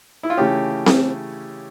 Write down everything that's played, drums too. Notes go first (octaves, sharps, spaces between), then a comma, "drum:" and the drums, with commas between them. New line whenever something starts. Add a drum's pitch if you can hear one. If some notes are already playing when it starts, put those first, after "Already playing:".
E4
F4
C#3 E3 A3 C#4 G4
drum: snare C4